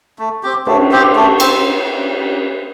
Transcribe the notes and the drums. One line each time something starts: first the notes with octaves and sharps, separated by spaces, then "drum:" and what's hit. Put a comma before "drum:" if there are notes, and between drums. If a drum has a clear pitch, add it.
A3
C4 G4
A3, drum: cymbal
C4 G4
A3
C4, drum: cymbal